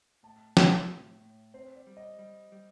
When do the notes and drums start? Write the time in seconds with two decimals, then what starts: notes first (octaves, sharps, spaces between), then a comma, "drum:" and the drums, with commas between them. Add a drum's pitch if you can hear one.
0.23 A2 A5
0.57 A2, drum: snare
0.89 A2
1.21 A2
1.54 C4 C5
1.76 D5
1.87 G3
1.97 D#5
2.18 G3
2.52 G3